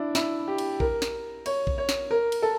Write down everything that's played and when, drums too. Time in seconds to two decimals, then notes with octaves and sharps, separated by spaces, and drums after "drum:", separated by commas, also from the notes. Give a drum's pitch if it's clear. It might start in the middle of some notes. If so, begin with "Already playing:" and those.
Already playing: D4 E4
0.15 E4, drum: snare
0.48 G4
0.58 drum: cymbal
0.80 A#4, drum: kick
1.02 drum: snare
1.46 C#5, drum: cymbal
1.67 drum: kick
1.78 C#5
1.89 drum: snare
2.11 A#4
2.32 drum: cymbal
2.42 A4